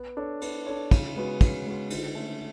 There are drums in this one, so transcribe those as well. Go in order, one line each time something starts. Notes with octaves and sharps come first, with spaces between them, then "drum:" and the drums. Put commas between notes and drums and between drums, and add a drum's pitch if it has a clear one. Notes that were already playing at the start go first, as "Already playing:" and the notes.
Already playing: B3
D4 A4 C#5
B3, drum: cymbal
D4 A4 C#5
C#3, drum: kick, cymbal
G#3 B3 F#4
C#3, drum: kick, cymbal
G#3 B3 F#4
D3, drum: cymbal
A3 C#4